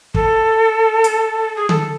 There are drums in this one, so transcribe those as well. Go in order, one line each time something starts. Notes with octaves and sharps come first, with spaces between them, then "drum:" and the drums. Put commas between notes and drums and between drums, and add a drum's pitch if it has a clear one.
A4, drum: kick
drum: hi-hat
G#4
A4, drum: tom D3